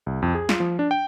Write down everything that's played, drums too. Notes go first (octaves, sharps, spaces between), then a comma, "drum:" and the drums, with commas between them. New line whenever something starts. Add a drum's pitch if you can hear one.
C2
F2
G#4
F4, drum: snare
F3
D4
G5